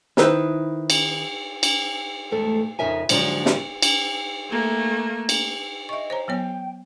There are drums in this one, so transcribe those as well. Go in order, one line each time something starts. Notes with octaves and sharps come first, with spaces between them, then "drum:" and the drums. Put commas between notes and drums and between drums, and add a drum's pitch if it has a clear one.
D#3 E4 B4 C5, drum: snare
drum: cymbal
drum: cymbal
E2 G#2 A3 A4
F2 C#3 D#4 A#4 E5 G#5
G#2 D3 F3 F#3, drum: cymbal
drum: snare
drum: cymbal
A3 A#3
drum: cymbal
D#5 E5 C#6
C5 C#5 A#5
F#3 B3 C#5 G5